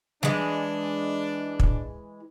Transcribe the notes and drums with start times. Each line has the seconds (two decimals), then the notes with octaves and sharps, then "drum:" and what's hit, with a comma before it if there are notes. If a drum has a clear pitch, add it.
0.23 E3 G#3 D4, drum: snare G3
1.60 drum: kick